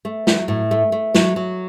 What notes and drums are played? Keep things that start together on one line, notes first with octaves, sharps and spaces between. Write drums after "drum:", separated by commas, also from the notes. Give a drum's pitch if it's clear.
A3
F#3, drum: snare
A2
A3
A3
F#3, drum: snare
F#3